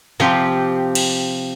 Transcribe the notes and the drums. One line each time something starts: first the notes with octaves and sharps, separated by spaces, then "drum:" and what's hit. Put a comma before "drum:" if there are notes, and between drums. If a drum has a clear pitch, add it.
C3 F3 C4 G4
drum: cymbal